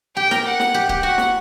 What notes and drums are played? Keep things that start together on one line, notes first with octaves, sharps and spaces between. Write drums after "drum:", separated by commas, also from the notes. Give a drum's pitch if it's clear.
G4 G5
A#4, drum: snare
F#5
drum: snare
G4
G4, drum: kick D1
F#4 F#5
drum: snare